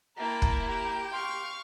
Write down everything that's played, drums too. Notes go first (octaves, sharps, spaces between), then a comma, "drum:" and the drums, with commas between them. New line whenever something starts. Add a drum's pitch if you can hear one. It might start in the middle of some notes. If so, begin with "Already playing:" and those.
A#3 E4 G5 A5 A#5
drum: kick
G4 G5 A#5
F5 C6 C#6